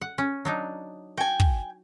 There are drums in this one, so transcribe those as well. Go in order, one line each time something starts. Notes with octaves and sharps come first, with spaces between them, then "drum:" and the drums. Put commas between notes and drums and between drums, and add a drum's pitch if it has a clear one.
F#5
C#4
F#3 D4 D#4
F#4 G5 G#5
drum: kick